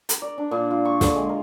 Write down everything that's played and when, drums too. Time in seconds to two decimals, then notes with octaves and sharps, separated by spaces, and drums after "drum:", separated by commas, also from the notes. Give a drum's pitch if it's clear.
0.09 A#4, drum: hi-hat
0.22 D5
0.38 D4
0.51 A#2
0.70 F4
0.85 C#6
1.01 D3, drum: snare
1.15 G#3
1.29 A#4